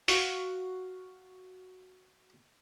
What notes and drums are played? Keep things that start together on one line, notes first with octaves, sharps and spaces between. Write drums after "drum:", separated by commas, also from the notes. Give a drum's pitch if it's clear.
F#4 F5, drum: open hi-hat